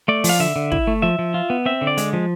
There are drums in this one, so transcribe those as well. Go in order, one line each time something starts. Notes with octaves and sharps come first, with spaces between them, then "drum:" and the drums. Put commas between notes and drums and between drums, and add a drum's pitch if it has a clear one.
A3 D5
F3, drum: open hi-hat
F5
D3 E5
D3
E4, drum: kick
A3
F3 E5
F3
F4
B3
C4 E5
D3
D5
G#3, drum: hi-hat
F3